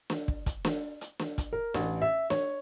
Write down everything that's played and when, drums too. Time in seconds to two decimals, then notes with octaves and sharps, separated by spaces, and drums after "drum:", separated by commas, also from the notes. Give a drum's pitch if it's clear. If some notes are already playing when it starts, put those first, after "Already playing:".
0.10 drum: snare
0.28 drum: kick
0.46 drum: kick, hi-hat
0.65 drum: snare
1.01 drum: hi-hat
1.19 drum: snare
1.38 drum: kick, hi-hat
1.53 A#4
1.74 A1, drum: snare
2.02 E5
2.30 C#5, drum: snare